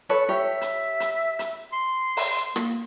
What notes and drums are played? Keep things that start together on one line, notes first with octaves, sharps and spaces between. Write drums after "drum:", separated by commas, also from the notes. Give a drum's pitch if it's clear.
A4 B4 C#5
G4 C#5 E5
drum: hi-hat
drum: hi-hat
drum: hi-hat
C6
drum: open hi-hat
A#3, drum: rim click